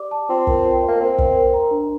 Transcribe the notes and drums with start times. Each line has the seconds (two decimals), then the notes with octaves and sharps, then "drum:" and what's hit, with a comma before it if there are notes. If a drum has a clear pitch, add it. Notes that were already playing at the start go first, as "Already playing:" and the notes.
Already playing: G4 D5 D6
0.11 A5
0.29 C4 F4
0.47 A#4, drum: kick
0.65 F4
0.82 D#5
0.89 A#3
1.00 C4 A#4
1.18 D#5, drum: kick
1.35 A#4
1.54 A#5
1.71 D4